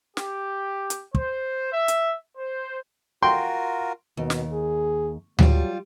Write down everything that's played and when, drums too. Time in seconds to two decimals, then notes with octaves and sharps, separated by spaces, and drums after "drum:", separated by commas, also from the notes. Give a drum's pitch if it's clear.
0.17 G4, drum: snare
0.90 drum: hi-hat
1.15 C5, drum: kick
1.73 E5
1.88 drum: hi-hat
2.37 C5
3.22 F4 F#4 A#4 G5 C6
4.17 D#2 B2
4.30 drum: snare
4.53 G#4
5.39 F#3 G3 F4, drum: tom D2